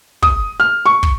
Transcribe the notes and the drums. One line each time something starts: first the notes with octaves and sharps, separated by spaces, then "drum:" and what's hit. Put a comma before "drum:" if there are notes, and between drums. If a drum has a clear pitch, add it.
D#6, drum: kick
F6
C#6
drum: kick